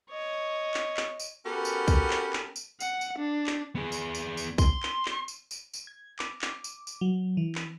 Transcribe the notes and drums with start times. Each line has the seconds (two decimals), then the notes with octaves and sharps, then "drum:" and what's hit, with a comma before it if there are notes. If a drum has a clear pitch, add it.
0.10 C#5 D#5
0.74 drum: clap
0.97 drum: clap
1.20 drum: tambourine
1.46 B3 C#4 F#4 G4 A4 A#4
1.65 drum: tambourine
1.88 drum: kick B1, tambourine
2.10 drum: clap
2.33 drum: clap
2.56 drum: tambourine
2.80 F#5, drum: tambourine
3.01 drum: tambourine
3.18 D4
3.47 drum: clap
3.75 B3 G#4
3.92 drum: tambourine
4.15 drum: tambourine
4.37 drum: tambourine
4.58 C6, drum: kick B1, tambourine
4.83 drum: clap
5.05 drum: clap
5.28 drum: tambourine
5.51 drum: tambourine
5.74 drum: tambourine
5.87 G#6
6.19 D6, drum: clap
6.42 drum: clap
6.64 drum: tambourine
6.87 drum: tambourine
7.01 F#3
7.37 E3
7.55 drum: clap